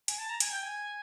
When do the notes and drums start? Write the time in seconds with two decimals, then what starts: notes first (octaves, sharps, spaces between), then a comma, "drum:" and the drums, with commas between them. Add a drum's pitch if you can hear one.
0.08 G#5, drum: hi-hat
0.18 A5
0.29 A#5
0.40 G#5, drum: hi-hat
0.51 G5
0.62 G#5